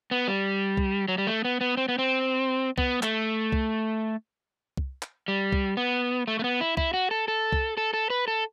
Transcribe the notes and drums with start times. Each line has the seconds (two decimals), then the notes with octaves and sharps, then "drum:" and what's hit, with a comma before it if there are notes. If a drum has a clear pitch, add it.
0.11 B3
0.28 G3
0.77 drum: kick C2
1.08 F#3
1.18 G3
1.27 A3
1.45 B3
1.61 B3
1.77 C4
1.88 B3
1.99 C4
2.78 B3, drum: kick C2
3.03 A3, drum: clap
3.52 drum: kick C2
4.77 drum: kick C2
5.02 drum: clap
5.28 G3
5.52 drum: kick C2
5.77 B3
6.28 A3
6.39 A3
6.44 B3
6.61 E4
6.77 E4, drum: kick C2
6.94 F#4
7.11 A4
7.28 A4
7.52 drum: kick C2
7.77 A4
7.94 A4
8.10 B4
8.28 A4